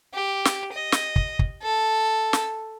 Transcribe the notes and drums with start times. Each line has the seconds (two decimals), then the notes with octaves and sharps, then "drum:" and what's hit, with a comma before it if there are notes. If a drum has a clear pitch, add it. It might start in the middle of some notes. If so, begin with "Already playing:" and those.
0.14 G4
0.45 drum: snare
0.73 D#5
0.92 drum: snare
1.16 drum: kick
1.39 drum: kick
1.63 A4
2.33 drum: snare